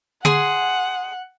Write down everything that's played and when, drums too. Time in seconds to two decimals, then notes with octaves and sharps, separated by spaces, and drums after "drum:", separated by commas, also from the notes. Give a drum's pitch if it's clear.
0.25 G#4 F#5 C6, drum: tom D3